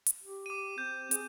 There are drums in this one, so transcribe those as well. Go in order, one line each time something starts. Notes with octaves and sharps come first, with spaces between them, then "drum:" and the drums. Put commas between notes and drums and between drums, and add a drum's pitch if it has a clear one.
drum: hi-hat
G4
D6 D#7
C4 G6
G#4 G6, drum: hi-hat